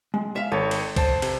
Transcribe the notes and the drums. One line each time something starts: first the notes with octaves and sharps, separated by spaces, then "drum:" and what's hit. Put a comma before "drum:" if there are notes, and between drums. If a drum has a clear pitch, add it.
G#3
E5 F5
G#1 A4 C#5
drum: cymbal
C5 A5, drum: kick B1, cymbal
C3, drum: cymbal